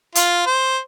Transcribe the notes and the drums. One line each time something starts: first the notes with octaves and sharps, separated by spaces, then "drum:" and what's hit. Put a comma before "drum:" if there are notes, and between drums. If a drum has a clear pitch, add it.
F4, drum: hi-hat
C5